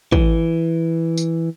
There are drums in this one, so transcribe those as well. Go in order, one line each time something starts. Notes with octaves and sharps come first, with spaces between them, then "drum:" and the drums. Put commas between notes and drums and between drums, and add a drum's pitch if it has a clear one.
E3, drum: kick
drum: tambourine